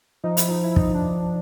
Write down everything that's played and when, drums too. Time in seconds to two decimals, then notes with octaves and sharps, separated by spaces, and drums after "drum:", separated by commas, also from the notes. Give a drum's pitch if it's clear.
0.24 F3 D#4
0.37 E4, drum: hi-hat
0.48 F3 D#4
0.64 E4
0.76 D#4, drum: kick
0.94 D4